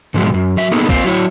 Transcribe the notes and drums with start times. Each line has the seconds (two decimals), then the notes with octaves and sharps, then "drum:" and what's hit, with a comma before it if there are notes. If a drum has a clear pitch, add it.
0.14 G#2 B2 D3 F3 F#3 G#3
0.34 F#2
0.57 F#3 E5
0.71 A#3 B3 D#4 G#4 A4
0.89 A#3 C4 F4, drum: kick
1.04 F#3 E4 C#5